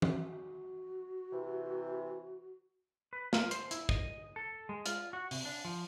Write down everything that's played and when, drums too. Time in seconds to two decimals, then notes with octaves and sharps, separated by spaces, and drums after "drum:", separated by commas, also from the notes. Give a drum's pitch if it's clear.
0.02 F#4, drum: tom E3
1.33 C3 E3
3.13 B4
3.33 F4, drum: snare
3.51 C5, drum: hi-hat
3.71 E4, drum: hi-hat
3.89 D#5, drum: kick
4.36 A4
4.69 G#3
4.86 F4, drum: hi-hat
5.13 F#4
5.31 C3, drum: open hi-hat
5.45 D4
5.65 F3